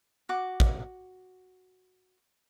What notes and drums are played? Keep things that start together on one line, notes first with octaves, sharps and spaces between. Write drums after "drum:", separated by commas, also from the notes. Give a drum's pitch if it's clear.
F#4 D6
drum: kick